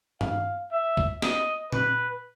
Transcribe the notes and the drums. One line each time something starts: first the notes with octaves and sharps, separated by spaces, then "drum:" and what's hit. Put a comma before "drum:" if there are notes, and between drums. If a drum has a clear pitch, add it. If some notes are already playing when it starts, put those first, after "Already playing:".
F5, drum: tom G2
E5
drum: kick C2
D#5, drum: snare
B4, drum: tom A#2